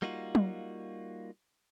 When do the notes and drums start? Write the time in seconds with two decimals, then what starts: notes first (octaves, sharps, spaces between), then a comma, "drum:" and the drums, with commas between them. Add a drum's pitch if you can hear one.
0.02 G3 A#3 D#4 F4 F#4
0.35 drum: tom F#3